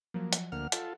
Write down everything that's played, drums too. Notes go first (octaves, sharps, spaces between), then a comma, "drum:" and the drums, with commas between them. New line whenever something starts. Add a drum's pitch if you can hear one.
F3 F#3 A#3
drum: hi-hat
D2 A#3 F#5 F6
F4 A4, drum: hi-hat